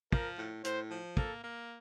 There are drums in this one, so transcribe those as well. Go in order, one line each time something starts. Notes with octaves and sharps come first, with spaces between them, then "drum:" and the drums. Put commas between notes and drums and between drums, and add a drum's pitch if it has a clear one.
F3 A#4, drum: kick
A2
A2 C5, drum: hi-hat
F3
A#3 A4, drum: kick
A#3